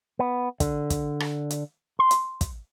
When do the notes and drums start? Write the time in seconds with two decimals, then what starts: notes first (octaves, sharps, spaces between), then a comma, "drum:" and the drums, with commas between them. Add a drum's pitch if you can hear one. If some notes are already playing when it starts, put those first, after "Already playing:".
0.19 B3
0.60 D3, drum: kick, hi-hat
0.90 drum: kick, hi-hat
1.20 drum: rim click
1.50 drum: hi-hat
1.99 C6
2.11 drum: hi-hat
2.41 drum: kick, hi-hat